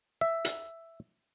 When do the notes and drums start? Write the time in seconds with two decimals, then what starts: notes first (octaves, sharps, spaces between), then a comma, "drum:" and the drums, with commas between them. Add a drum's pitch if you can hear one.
0.21 E5
0.45 drum: hi-hat